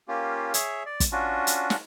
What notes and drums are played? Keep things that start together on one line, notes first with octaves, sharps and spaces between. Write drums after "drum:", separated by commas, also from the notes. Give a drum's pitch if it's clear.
A#3 C#4 F4 G4
G#4 C#5 E5, drum: hi-hat
D5
drum: kick, hi-hat
C#4 D4 F4 F#4
drum: hi-hat
drum: snare